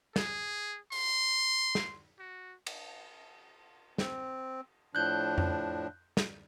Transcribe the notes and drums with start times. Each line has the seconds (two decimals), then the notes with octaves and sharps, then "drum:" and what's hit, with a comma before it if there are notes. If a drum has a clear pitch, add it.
0.16 G#4, drum: snare
0.92 C6, drum: open hi-hat
1.75 drum: snare
2.19 F#4
2.67 drum: cymbal
3.98 C4, drum: snare
4.95 A2 F3 D4 F#6 G6
5.38 drum: tom F2
6.17 drum: snare